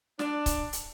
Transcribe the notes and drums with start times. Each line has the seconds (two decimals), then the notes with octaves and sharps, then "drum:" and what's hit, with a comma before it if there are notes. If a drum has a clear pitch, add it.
0.19 D4, drum: snare
0.46 drum: kick C#1, hi-hat
0.73 drum: hi-hat